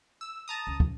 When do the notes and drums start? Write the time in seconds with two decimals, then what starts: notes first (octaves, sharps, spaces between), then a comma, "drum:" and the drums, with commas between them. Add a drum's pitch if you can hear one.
0.21 E6
0.48 A5 A#5 D#6
0.67 C#2
0.80 drum: kick